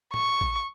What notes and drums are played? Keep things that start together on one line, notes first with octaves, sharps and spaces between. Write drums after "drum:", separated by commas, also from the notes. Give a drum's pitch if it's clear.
C#6, drum: tom
drum: kick A1